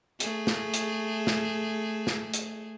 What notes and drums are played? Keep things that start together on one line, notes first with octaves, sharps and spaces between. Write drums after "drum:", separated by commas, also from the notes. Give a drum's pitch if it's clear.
A3 G#4, drum: hi-hat
drum: snare
drum: hi-hat
drum: snare
drum: snare
drum: hi-hat